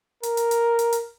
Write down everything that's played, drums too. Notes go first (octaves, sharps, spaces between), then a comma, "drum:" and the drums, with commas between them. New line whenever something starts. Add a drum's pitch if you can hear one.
A#4, drum: hi-hat
drum: hi-hat
drum: hi-hat
drum: hi-hat
drum: hi-hat